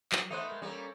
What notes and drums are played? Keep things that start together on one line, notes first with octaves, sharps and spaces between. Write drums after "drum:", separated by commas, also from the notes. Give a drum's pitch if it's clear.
F#3, drum: clap
A3 B3 D#4 C5 D#5 F#6
G#3 A#4
G3 A#3 C#4 A4 C#5